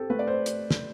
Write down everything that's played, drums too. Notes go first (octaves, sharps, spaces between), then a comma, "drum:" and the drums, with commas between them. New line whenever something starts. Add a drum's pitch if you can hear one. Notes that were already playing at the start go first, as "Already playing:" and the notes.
Already playing: C4 G4 A4
A3 B4
D5
C5
drum: hi-hat
drum: snare